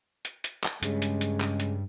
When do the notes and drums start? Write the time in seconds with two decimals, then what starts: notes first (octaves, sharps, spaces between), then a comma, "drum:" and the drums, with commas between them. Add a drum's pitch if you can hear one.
0.25 drum: hi-hat
0.44 drum: hi-hat
0.63 drum: clap
0.83 G2 C#3 G#3, drum: hi-hat
1.02 drum: hi-hat
1.21 drum: hi-hat
1.40 drum: clap
1.60 drum: hi-hat